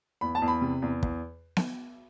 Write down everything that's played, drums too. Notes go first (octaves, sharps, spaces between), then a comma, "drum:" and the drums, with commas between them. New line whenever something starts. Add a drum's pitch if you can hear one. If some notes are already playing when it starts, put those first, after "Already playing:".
E2 B5
A5
E2
B5
C3
E2
E2, drum: kick
drum: snare B3